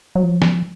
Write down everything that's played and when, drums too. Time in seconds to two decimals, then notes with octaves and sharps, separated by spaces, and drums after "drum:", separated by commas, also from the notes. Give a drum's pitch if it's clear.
0.15 F#3
0.24 F3
0.42 drum: snare